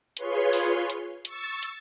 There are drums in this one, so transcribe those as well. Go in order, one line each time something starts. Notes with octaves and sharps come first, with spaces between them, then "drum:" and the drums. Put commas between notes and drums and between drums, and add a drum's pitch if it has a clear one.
F4 G#4 B4 C#5 C6, drum: hi-hat
drum: open hi-hat
drum: hi-hat
C#6 E6 A6, drum: hi-hat
drum: hi-hat